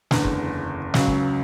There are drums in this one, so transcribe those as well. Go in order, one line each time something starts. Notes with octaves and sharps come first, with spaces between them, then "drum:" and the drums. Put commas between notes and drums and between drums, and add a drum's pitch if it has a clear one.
F#1 E2 D3, drum: snare
drum: kick
C#2 C#3 F#3, drum: snare
drum: kick